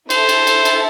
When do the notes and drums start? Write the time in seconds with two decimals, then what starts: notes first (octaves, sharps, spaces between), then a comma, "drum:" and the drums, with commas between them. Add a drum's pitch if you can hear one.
0.10 E4 A4 C5 E5 A5, drum: cymbal
0.29 drum: cymbal
0.47 drum: cymbal
0.65 drum: cymbal